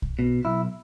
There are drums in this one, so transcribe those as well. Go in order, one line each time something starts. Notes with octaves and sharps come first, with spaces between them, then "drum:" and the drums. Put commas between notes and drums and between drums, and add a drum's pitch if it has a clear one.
drum: kick B1
B2
B1 E4